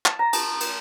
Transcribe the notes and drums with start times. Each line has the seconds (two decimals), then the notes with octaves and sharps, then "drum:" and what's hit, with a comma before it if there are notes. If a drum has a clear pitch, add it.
0.06 A5, drum: clap
0.19 A#5
0.33 A5, drum: cymbal
0.60 drum: cymbal